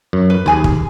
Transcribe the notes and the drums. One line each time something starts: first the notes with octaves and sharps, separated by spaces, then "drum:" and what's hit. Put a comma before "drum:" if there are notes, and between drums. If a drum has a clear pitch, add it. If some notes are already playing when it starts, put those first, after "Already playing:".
F#2
B4
D#2 G#4 G#5 B5
drum: kick